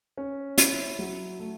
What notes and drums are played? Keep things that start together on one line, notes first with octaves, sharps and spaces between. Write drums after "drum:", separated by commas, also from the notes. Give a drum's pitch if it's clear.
C#4
E4, drum: hi-hat
F#3
A3